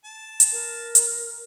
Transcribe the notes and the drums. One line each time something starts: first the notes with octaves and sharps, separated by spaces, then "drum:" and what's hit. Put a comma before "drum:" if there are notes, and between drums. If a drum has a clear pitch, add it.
A5
drum: hi-hat
A#4
drum: hi-hat